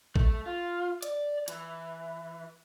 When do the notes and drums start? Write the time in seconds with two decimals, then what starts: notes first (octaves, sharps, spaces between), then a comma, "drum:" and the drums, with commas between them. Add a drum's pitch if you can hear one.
0.16 A3, drum: kick A1
0.46 F4
1.02 D5, drum: hi-hat
1.48 E3, drum: hi-hat